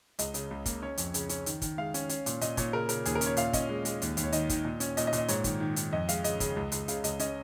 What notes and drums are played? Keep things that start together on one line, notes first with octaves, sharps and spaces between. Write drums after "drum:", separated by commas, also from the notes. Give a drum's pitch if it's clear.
C#2 D#5, drum: hi-hat
C#3, drum: hi-hat
C#2
A#3, drum: kick, hi-hat
C#4 C#5
F2, drum: hi-hat
C#3, drum: hi-hat
C#4, drum: hi-hat
D#3, drum: hi-hat
D#3, drum: kick, hi-hat
G#3 F5
C#4, drum: hi-hat
C#4, drum: hi-hat
A#2, drum: hi-hat
A#2 D#5, drum: hi-hat
A#2 C#5, drum: kick, hi-hat
C#3 A#4
C#3 A#4, drum: hi-hat
D#2 G#4, drum: hi-hat
A#4
C#4, drum: hi-hat
C#5
A#2 F5, drum: hi-hat
C#4 D#5, drum: kick, hi-hat
G#3
G#3, drum: hi-hat
D#2, drum: hi-hat
D#2, drum: hi-hat
C#5
D#3 D#5, drum: hi-hat
D#3, drum: kick, hi-hat
A#2
C#4, drum: hi-hat
A#2 D#5, drum: hi-hat
D#5
A#2, drum: hi-hat
D#5
G#2 C#5, drum: hi-hat
D#3, drum: kick, hi-hat
D#3
D#3, drum: hi-hat
F2 D#5
G#3 F5, drum: hi-hat
C#3 D#5, drum: hi-hat
C#3, drum: kick, hi-hat
C#2
C#2, drum: hi-hat
C#3 F5, drum: hi-hat
C#2 D#5, drum: hi-hat
C#4 D#5, drum: hi-hat